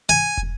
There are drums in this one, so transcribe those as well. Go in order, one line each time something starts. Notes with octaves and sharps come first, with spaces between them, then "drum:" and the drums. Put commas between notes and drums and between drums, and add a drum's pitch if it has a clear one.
G#5
drum: kick